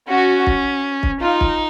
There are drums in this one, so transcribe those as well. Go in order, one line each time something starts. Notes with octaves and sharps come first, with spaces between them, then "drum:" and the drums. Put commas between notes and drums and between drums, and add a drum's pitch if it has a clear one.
C#4 F#4
drum: kick
drum: kick
D#4 F4
drum: kick